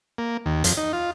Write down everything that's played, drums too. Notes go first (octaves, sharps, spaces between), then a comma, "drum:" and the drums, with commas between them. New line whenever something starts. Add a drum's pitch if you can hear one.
A#3
D#2
F2, drum: hi-hat
D#4
F4